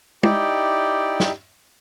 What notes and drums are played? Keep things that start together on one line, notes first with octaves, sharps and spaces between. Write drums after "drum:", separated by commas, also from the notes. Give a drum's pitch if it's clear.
D#4 E4 G4 D5 G5, drum: tom
drum: snare